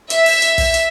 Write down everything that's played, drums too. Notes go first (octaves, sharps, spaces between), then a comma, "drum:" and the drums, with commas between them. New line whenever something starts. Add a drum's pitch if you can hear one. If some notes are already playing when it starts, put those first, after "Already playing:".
E5, drum: hi-hat
drum: open hi-hat
drum: hi-hat
drum: kick, open hi-hat
drum: hi-hat